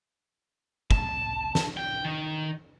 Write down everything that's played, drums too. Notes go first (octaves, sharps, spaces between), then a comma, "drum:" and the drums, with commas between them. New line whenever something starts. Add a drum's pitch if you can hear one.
A5, drum: kick
drum: snare
G5
D#3